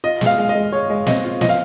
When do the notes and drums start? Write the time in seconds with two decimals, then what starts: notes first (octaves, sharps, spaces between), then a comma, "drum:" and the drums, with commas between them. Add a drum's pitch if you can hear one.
0.04 F4 D#5
0.21 G#3, drum: snare
0.26 F5
0.38 G#3
0.49 D#5
0.55 G#3
0.72 G#3 C#5
0.90 G#3
1.06 C4 D#5, drum: snare
1.24 F4
1.41 F3 D#5, drum: snare
1.49 F5